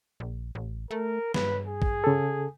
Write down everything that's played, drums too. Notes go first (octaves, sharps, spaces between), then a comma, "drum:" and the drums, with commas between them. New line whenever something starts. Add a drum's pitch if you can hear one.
A#1
A1
A3 A#4
G2 B4, drum: snare
G#4
drum: kick
C#3 A4